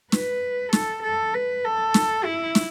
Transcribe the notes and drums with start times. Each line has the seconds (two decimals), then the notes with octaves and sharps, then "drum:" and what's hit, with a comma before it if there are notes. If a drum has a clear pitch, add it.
0.12 B4, drum: snare
0.73 A4, drum: snare
1.03 A4
1.34 B4
1.64 A4
1.94 drum: snare
2.24 E4
2.55 drum: snare